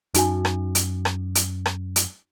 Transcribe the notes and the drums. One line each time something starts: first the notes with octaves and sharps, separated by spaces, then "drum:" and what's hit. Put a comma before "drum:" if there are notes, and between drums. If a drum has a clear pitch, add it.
F#2 D#4 F#4 G#5, drum: hi-hat
drum: rim click
drum: hi-hat
drum: rim click
drum: hi-hat
drum: rim click
drum: hi-hat